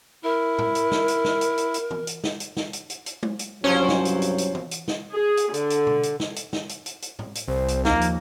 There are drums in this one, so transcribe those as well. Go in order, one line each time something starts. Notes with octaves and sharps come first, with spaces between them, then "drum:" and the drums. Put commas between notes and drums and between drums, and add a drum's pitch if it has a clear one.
E4 A#4
drum: tom A2
drum: hi-hat
drum: snare
drum: hi-hat
drum: snare
drum: hi-hat
drum: hi-hat
drum: hi-hat
drum: tom
drum: hi-hat
drum: snare
drum: hi-hat
drum: snare
drum: hi-hat
drum: hi-hat
drum: hi-hat
drum: tom G#3
drum: hi-hat
C2 G2 F3 F#3 C#4 C5 C#5
drum: snare
drum: hi-hat
drum: hi-hat
drum: hi-hat
drum: tom
drum: hi-hat
drum: snare
G#4
drum: hi-hat
D3, drum: hi-hat
drum: hi-hat
drum: tom B2
drum: hi-hat
drum: snare
drum: hi-hat
drum: snare
drum: hi-hat
drum: hi-hat
drum: hi-hat
drum: tom A2
drum: hi-hat
C2 C5
drum: hi-hat
D#2 F3 A#3 D#4, drum: snare
drum: hi-hat